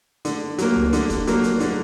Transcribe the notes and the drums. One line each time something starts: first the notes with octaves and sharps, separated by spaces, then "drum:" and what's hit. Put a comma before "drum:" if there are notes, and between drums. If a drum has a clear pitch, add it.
D3, drum: hi-hat
F#3 A#3, drum: hi-hat
drum: tom C#2
D3, drum: hi-hat
drum: kick, hi-hat
F#3 A#3, drum: hi-hat
drum: hi-hat
D3, drum: hi-hat